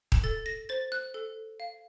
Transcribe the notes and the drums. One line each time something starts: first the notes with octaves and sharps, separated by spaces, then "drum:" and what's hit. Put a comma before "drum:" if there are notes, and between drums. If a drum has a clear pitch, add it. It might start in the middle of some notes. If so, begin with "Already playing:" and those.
drum: kick D#1
A4 A6
A#6
C5 A6
F#6
A4
F5